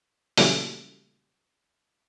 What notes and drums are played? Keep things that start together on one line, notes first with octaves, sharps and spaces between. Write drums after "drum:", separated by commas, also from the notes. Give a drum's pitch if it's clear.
A#2 C#3 E3 F#3 G3 A3, drum: open hi-hat